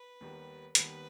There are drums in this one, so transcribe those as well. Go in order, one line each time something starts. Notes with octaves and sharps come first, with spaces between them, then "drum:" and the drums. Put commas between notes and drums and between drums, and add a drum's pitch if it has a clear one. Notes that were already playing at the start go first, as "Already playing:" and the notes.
Already playing: B4
D#2 D#3 G3 B3
D#2 D#3 G3 B3 B4, drum: hi-hat